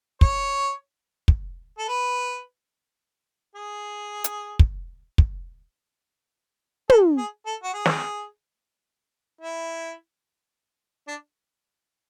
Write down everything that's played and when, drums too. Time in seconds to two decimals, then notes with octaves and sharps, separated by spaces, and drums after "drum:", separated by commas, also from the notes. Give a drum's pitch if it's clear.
0.21 C#5, drum: kick
1.28 drum: kick
1.78 A4
1.88 B4
3.55 G#4
4.24 drum: hi-hat
4.59 drum: kick
5.18 drum: kick
6.89 A4, drum: tom
7.18 G#4
7.46 A4
7.63 F#4
7.74 G#4
7.86 drum: snare
9.41 E4
11.08 D4